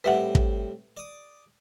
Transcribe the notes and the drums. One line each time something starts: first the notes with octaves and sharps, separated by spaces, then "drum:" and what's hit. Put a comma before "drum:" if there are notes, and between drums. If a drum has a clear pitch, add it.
A2 G3 C4 B4 E5 F#5
drum: kick
D5 D#6